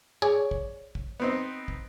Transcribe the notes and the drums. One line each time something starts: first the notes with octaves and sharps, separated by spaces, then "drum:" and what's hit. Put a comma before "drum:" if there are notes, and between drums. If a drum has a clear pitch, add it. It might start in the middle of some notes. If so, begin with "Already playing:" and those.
G#4 C#5 D5
drum: kick
drum: kick
B3 C4 D#4
drum: kick